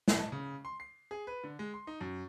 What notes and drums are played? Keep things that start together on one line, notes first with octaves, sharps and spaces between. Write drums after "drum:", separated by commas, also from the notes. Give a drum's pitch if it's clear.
B4, drum: snare
A5
C#3
C6
C7
G#4
B4
D3
G#3
C6
D#4
F#2